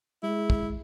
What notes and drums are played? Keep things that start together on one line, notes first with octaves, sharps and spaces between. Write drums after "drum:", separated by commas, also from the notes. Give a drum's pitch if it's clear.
G#3 E4
drum: kick